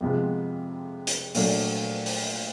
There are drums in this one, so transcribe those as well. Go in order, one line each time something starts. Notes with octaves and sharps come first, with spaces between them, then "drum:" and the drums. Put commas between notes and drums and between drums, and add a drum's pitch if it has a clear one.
F2 C3 F3 G#3 B3
drum: hi-hat
A#2 F#3 A3 D4, drum: open hi-hat
drum: open hi-hat